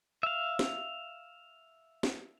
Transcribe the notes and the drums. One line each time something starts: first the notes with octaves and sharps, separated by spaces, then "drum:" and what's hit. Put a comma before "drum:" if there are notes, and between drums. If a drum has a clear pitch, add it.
E5 F5
drum: snare
drum: snare